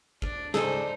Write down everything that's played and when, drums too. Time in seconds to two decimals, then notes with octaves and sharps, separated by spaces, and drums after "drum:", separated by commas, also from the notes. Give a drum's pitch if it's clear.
0.22 D4, drum: kick
0.54 C#2 G#2 D4 D#4 G#4 A4 C5, drum: snare